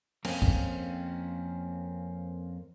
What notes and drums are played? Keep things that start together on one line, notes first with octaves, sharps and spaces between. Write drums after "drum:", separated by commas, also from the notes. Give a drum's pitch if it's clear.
F2 A#3 C4 C#4, drum: cymbal
drum: kick